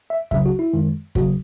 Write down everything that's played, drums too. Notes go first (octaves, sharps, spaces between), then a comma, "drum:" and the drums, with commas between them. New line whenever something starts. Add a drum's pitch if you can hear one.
E5
C#2 C#3 F#3 E5, drum: kick
F#4
E4
F#2 D#3 G#3
D#2 C#3 F#3 F#4, drum: kick